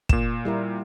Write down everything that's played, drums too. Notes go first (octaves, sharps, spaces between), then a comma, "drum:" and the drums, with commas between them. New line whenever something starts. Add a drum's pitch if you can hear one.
A#2 E7, drum: kick
G3 E4 A#4